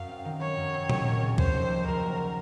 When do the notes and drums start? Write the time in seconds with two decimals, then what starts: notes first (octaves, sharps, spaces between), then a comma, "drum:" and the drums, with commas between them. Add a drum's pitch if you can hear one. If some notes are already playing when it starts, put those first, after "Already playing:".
Already playing: F#2 F#4 F5
0.09 C4
0.25 D#3
0.41 F#3 C#5
0.57 F#2
0.74 C4
0.90 D#2, drum: tom A#2
1.06 A#3
1.22 C#3
1.38 F3 C5, drum: kick C#2
1.54 D#2
1.70 A#3
1.86 F#1 A#4
2.03 F#3